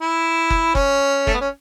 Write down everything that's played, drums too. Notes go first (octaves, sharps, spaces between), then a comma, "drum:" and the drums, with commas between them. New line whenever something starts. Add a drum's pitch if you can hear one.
E4
drum: kick F#1
C#4, drum: kick F#1
A3, drum: kick F#1
B3
C#4